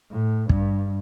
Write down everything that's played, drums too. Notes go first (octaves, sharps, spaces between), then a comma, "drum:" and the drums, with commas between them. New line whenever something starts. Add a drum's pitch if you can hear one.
A2
G2, drum: kick